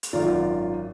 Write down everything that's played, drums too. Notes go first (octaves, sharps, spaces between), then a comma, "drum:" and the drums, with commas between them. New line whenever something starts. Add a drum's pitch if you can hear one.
drum: hi-hat
G#1 F#2 D#3 F4 D5